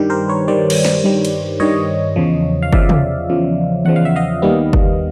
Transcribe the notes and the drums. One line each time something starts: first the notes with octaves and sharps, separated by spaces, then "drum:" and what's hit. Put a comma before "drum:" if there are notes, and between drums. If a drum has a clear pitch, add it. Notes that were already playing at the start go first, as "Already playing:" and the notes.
Already playing: G2 D#3 G3 G4
A#4 C5
B4 C#5
G2 D#3 G3 C5 D5
drum: cymbal
drum: snare
G2 D#3 G3
drum: cymbal
G2 D#3 G3 C#5 D#5
E2 C#3 F3
F5
E2 C#3 F3 D5 E5, drum: kick F#1
drum: tom
E2 C#3 F3
E2 C#3 F3 F#5
F5
E5
D#5 F5
D#2 D#3 G3 B3
drum: kick F#1